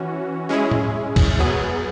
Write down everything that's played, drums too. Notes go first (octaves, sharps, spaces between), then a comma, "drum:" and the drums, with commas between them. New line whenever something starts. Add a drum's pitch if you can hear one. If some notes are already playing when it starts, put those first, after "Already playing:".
Already playing: E3 C#4 F#4
G#3 C#4 E4 G#4
drum: tom A2
drum: kick C#2, cymbal
F#3 B3 G#4